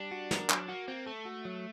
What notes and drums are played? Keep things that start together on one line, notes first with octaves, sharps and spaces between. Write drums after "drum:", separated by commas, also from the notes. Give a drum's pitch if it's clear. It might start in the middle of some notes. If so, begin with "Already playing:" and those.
Already playing: G3 D4
F#4
A#4, drum: snare
F#3, drum: clap
A#3 F#4
A#3 C4
A3 A4
F#4
F#3